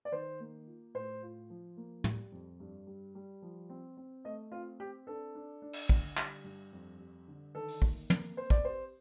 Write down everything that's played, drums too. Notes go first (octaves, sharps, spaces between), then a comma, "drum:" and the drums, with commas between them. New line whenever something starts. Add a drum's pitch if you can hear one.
D5
D#3 C5
A#3
F4
A2 C5
F4
F3
A#3
G3, drum: tom
F2
G2
G3
G3
F3
C4
C4
A3 D#5
C4 F4
C4 G4
D4 A4
D4
D4
drum: cymbal
D3, drum: kick
G3, drum: clap
G2
F2
G3
D3
D#3 A4
drum: open hi-hat
A#3, drum: kick
A#3, drum: tom
C4 C5
D5, drum: kick
G4 C5